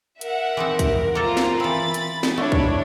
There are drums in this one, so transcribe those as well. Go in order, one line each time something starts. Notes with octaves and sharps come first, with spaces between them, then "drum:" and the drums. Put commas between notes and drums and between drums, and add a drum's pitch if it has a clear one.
A#4 E5 F#5, drum: hi-hat
E3 C4 D#4
drum: kick, hi-hat
A#3 F4 A4 C5 A#5
drum: snare
E3 C4 B5 A6
drum: hi-hat
drum: snare
A3 D4 E4 C#5 B5
drum: kick